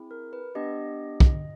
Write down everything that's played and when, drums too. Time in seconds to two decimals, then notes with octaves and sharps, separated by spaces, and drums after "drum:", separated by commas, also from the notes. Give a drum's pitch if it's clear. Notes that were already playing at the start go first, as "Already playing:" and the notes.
Already playing: C4 E4 G#4
0.11 A#4
0.33 B4
0.55 B3 D4 G4 D#5
1.20 drum: kick